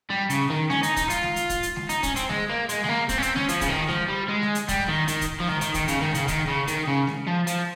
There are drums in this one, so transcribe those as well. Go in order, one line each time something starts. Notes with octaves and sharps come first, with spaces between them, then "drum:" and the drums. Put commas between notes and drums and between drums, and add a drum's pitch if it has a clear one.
G3
C#3, drum: hi-hat
D#3
C#4, drum: snare G#3
D#4, drum: hi-hat
D#4, drum: kick, hi-hat
F4, drum: hi-hat
drum: snare G#3
drum: hi-hat
drum: kick, hi-hat
drum: hi-hat
drum: snare G#3
D#4, drum: hi-hat
C#4, drum: kick, hi-hat
C4, drum: hi-hat
G#3, drum: snare G#3
A#3
G#3, drum: hi-hat
G#3, drum: snare G#3
A#3
C4, drum: kick, hi-hat
C#4
C4, drum: hi-hat
C#4, drum: snare G#3
F3, drum: hi-hat
C#3, drum: kick, hi-hat
D#3
F3, drum: snare G#3
G3
G#3
drum: snare G#3
drum: hi-hat
G3, drum: kick, hi-hat
D#3
D#3, drum: hi-hat
drum: kick, hi-hat
F3
D#3, drum: snare G#3
D#3, drum: hi-hat
D#3, drum: kick, hi-hat
C#3, drum: hi-hat
D#3, drum: snare G#3
C#3, drum: hi-hat
D#3, drum: kick, hi-hat
C#3
D#3, drum: hi-hat
C#3
drum: snare G#3
F3
F3, drum: hi-hat